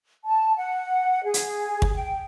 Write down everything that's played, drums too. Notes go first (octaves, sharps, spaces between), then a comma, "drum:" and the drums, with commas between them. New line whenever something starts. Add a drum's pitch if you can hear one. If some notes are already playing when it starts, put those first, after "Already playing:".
A5
F#5
G#4
drum: hi-hat
drum: kick
G5